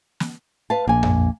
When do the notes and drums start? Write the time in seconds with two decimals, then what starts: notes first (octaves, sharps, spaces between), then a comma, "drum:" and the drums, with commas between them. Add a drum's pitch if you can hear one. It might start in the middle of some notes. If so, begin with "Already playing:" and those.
0.20 drum: snare
0.70 B4 F5 A5
0.88 A#1 A#3 G#5
1.03 drum: tom F2